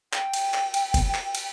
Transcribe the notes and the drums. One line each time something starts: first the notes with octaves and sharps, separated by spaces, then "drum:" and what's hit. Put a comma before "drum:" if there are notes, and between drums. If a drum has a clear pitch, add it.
G5, drum: clap
drum: cymbal
drum: clap
drum: cymbal
drum: kick F1, cymbal
drum: clap
drum: cymbal